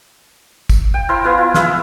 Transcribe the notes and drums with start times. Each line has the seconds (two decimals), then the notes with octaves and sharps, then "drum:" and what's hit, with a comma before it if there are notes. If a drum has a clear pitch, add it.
0.70 drum: kick, tambourine
0.94 G5
1.09 E4 A#4 C5 C6
1.24 B3 E4 B4 G#5
1.38 F4
1.54 E4 G#4 E5 F5, drum: snare